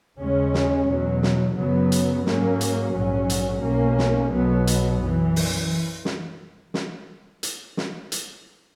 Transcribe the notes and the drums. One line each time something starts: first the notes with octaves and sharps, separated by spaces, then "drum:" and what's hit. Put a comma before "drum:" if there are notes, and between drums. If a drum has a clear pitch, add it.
D#2 C#3 G#3 C#4
drum: snare
E2 B2 F#3
drum: snare
F#2 C#3 F#3 B3
drum: hi-hat
G#2 F#3 A#3 C#4, drum: snare
drum: hi-hat
A#1 G#2 F#3 C#4
drum: hi-hat
B1 B2 A#3 C#4
drum: snare
B1 B2 F#3 B3
drum: hi-hat
F#2 E3
drum: open hi-hat
drum: snare
drum: snare
drum: hi-hat
drum: snare
drum: hi-hat